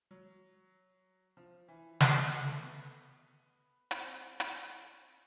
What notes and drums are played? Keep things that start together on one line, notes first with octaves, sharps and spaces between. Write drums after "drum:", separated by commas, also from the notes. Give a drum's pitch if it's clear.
F#3
F3
E3
D#3, drum: snare
E3
A3
B3
C4, drum: hi-hat
drum: hi-hat